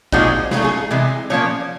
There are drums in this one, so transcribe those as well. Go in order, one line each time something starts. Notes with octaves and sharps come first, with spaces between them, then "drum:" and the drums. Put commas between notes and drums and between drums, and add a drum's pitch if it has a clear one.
A#2 F3 G#3 C4 D#4 F#4, drum: kick
C#3 F#3 A3, drum: snare
G#4
C3 E3 G#3
A#2 F3 A#3 C#4 C#5